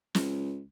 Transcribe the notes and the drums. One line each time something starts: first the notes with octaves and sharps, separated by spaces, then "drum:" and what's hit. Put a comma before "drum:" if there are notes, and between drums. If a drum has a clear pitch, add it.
C#2, drum: snare